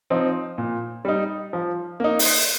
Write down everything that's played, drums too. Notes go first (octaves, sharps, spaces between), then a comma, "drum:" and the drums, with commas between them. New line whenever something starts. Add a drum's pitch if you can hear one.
F3 C4 D#4
A#2
G3 D#4
F3
A#3 D#4
drum: open hi-hat